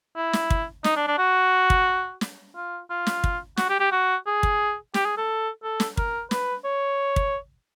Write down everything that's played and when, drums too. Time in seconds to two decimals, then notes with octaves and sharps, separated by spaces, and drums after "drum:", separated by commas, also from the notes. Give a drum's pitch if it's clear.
0.16 E4
0.33 drum: snare
0.50 drum: kick
0.84 D#4, drum: snare
0.96 D4
1.07 D4
1.18 F#4
1.70 drum: kick
2.21 drum: snare
2.55 F4
2.90 F4
3.07 drum: snare
3.24 drum: kick
3.57 F#4, drum: snare
3.69 G4
3.80 G4
3.92 F#4
4.27 G#4
4.43 drum: kick
4.94 G4, drum: snare
5.05 G#4
5.17 A4
5.63 A4
5.80 drum: snare
5.97 A#4, drum: kick
6.31 B4, drum: snare
6.65 C#5
7.16 drum: kick